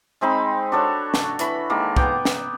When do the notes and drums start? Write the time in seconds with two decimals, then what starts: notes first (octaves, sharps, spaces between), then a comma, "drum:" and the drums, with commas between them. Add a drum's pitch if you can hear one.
0.21 G#3 C4 D#4 B5
0.72 D4 F#4 A4 C#5
1.14 drum: snare
1.39 E3 B5, drum: hi-hat
1.70 D#3 G#3 A#3 A4
1.96 B3 G5 A#5 D6, drum: kick
2.25 drum: snare